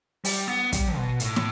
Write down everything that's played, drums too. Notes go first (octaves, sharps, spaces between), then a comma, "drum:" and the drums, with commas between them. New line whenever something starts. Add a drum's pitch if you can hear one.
G3, drum: open hi-hat
B3
G3, drum: kick, hi-hat
B2
A2, drum: hi-hat
drum: snare